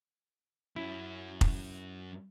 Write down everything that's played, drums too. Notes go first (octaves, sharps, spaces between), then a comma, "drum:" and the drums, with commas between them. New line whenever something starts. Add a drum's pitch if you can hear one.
F#2 C#4 E4
drum: kick F1